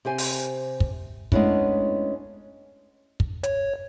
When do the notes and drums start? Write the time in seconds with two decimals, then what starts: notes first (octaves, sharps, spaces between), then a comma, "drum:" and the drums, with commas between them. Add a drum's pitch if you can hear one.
0.05 C3 G4 C5 G#5
0.18 drum: open hi-hat
0.80 drum: kick
1.32 G#3 A3 B3 C#4 D4 E4, drum: kick
3.20 drum: kick
3.43 C#5, drum: hi-hat